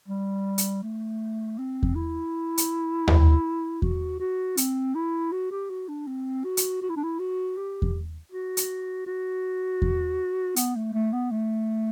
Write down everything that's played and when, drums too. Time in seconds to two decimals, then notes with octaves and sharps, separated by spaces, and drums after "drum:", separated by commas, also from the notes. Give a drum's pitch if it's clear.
0.08 G3
0.58 drum: hi-hat
0.83 A3
1.58 C4
1.83 drum: kick E2
1.95 E4
2.58 drum: hi-hat
3.07 drum: tom D#2
3.82 F#4, drum: kick E2
4.20 F#4
4.57 C4, drum: hi-hat
4.95 E4
5.32 F#4
5.51 G4
5.70 F#4
5.88 D4
6.07 C4
6.44 F#4
6.57 drum: hi-hat
6.82 F#4
6.90 E4
6.96 D4
7.03 E4
7.19 F#4
7.57 G4
7.82 drum: kick E2
8.32 F#4
8.57 drum: hi-hat
9.06 F#4
9.82 drum: kick E2
10.56 B3, drum: hi-hat
10.76 A3
10.94 A3
11.13 B3
11.31 A3